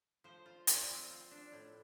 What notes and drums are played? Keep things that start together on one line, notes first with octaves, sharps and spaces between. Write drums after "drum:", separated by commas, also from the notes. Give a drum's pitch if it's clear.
F3 C5
F4
F3 D5, drum: hi-hat
C4
F4
D4
A2